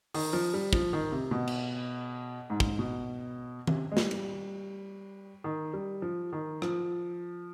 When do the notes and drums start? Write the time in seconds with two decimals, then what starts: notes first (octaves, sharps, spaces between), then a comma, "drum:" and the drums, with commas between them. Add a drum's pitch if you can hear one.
0.14 D#3, drum: open hi-hat
0.33 F3
0.54 G3
0.73 F3, drum: kick
0.93 D#3
1.12 C3
1.31 B2
1.47 drum: cymbal
2.50 G#2
2.60 drum: kick
2.79 B2
3.67 C3, drum: tom D#3
3.92 G#3
3.97 G3, drum: snare
4.11 G3, drum: cymbal
5.44 D#3
5.74 G3
6.02 F3
6.33 D#3
6.62 F3, drum: rim click